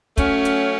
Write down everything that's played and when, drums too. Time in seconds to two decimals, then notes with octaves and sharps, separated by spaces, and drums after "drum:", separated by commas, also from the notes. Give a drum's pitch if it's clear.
0.17 F#3 A3 C#4, drum: kick, hi-hat
0.45 drum: hi-hat